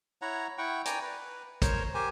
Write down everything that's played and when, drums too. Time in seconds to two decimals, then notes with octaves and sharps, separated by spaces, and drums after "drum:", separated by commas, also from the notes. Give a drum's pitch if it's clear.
0.22 E4 C#5 F#5 A#5
0.58 E4 F#5 G5 C#6
0.85 D5 G5 G#5 A#5, drum: hi-hat
1.02 B4
1.62 A#4 C5 C#5, drum: kick, hi-hat
1.94 G4 A#4 C5 G#5